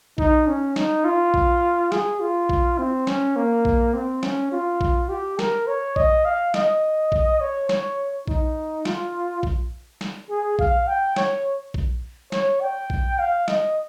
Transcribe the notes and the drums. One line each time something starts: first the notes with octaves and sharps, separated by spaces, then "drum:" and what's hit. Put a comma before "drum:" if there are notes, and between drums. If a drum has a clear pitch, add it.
D#4, drum: kick A#1
C#4
D#4, drum: snare
F4
drum: kick A#1
G#4, drum: snare
F4
drum: kick A#1
C4
C#4, drum: snare
A#3
drum: kick A#1
C4
C#4, drum: snare
F4
drum: kick A#1
G4
A#4, drum: snare
C#5
D#5, drum: kick A#1
F5
D#5, drum: snare
drum: kick A#1
C#5
C#5, drum: snare
D#4, drum: kick A#1
F4, drum: snare
drum: kick A#1
drum: snare
G#4
F5, drum: kick A#1
G5
C#5, drum: snare
drum: kick A#1
C#5, drum: snare
G5
drum: kick A#1
F5
D#5, drum: snare